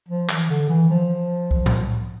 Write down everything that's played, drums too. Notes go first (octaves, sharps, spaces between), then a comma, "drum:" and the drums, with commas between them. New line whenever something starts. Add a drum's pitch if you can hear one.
F3
E3, drum: clap
D3
E3
F3
drum: kick C2
drum: tom A2